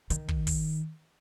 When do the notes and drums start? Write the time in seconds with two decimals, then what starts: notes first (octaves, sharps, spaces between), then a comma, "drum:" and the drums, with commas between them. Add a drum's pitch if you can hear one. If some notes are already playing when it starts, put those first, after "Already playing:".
0.10 D#3, drum: hi-hat
0.28 drum: kick
0.47 drum: kick, open hi-hat